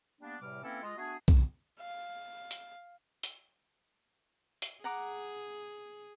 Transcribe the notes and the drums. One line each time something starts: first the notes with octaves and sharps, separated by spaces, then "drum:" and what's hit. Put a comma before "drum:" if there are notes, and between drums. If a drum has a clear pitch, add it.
G3 A#3 B3 D4
E2 A2 C3 G3 D6 F6
E3 A#3 C4 C#4 E4 A4
G#3 F4 D#5
A3 B3 D4 F#4 G#4
drum: kick B1
F5
drum: hi-hat
drum: hi-hat
drum: hi-hat
G#4 F#5 A#5 D6